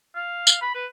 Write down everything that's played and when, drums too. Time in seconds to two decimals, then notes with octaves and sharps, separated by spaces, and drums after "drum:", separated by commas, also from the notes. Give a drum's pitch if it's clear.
0.16 F5
0.47 drum: tambourine
0.62 B5
0.75 B4